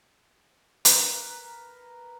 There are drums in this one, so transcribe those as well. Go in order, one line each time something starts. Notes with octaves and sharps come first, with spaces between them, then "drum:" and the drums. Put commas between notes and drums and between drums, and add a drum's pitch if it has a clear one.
A#4 B4, drum: hi-hat